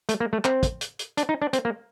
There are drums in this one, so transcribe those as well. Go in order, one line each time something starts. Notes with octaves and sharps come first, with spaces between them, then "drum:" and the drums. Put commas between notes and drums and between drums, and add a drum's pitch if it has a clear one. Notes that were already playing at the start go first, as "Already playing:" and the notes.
A3, drum: hi-hat
A#3
A3
C4, drum: clap
drum: kick, hi-hat
drum: hi-hat
drum: hi-hat
D4, drum: hi-hat
D#4
D4
C4, drum: hi-hat
A#3